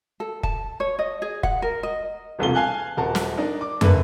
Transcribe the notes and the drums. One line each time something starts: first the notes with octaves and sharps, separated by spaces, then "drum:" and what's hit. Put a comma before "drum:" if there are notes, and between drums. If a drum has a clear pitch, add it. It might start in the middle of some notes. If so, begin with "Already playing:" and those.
A4
A5, drum: kick
C#5
D#5
G#4
F#5, drum: kick
A#4
D#5
E1 C2 A3 F4 G7
F5 G#5 A5 F#6
D#1 F#4 A#4 A5
drum: snare
D4 D#4 A#4
D6
G1 D3 A#3 B4, drum: tom